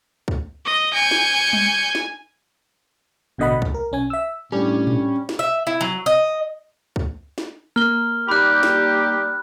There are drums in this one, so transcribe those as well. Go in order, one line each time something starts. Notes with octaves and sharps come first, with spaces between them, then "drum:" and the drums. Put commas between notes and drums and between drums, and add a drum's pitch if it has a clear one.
drum: kick C#2
D#5
G#5 G6 C#7
drum: snare
drum: tom G3
drum: snare
A1 B2 D3 D#5 F#5 B5
C2, drum: kick C#2
A#4
B1 C#4 G#5
E5 E6
A2 G3 C#4 D4
drum: tom A2
drum: snare
E5
E4
F#3
D#5
drum: kick C#2
drum: snare
A#3 F6 G7
G3 D#4 G4 B5 F#6
drum: snare